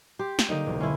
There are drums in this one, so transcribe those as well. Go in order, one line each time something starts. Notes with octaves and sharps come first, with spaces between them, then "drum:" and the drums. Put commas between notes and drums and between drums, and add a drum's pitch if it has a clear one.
G4 C6
drum: snare
D3 F#3 G3 A#3 D#4 D#5
E1 C2
C#4 E4 C6 C#6